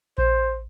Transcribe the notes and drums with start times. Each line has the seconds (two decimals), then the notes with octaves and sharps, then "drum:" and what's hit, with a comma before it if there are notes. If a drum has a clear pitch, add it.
0.18 C5, drum: kick A#1